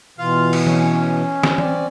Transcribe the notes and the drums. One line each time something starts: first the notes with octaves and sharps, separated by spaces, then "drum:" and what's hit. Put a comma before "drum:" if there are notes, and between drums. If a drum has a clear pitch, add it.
B2 E3 F4 F5
drum: cymbal
C#4, drum: tom E3
drum: snare
C4 D5, drum: tom E3